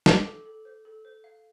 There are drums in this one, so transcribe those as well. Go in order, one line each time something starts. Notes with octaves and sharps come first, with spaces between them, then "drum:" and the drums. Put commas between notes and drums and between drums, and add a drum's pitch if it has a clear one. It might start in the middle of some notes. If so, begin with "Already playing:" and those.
C5 D6, drum: snare
A4
A4
C5
A4
C5
F5